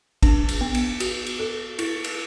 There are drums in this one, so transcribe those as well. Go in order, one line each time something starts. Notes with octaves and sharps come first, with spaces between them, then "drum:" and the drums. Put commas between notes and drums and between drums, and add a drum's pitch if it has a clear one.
D4, drum: kick, cymbal
drum: cymbal
B3
drum: cymbal
F#4, drum: cymbal
drum: cymbal
A4
E4, drum: cymbal
drum: cymbal